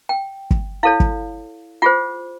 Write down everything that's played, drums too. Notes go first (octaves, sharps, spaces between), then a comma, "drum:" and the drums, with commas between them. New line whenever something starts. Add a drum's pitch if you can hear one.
G5
drum: kick
E4 A4 C#5 F5
drum: kick
F4 G#4 C5 F#5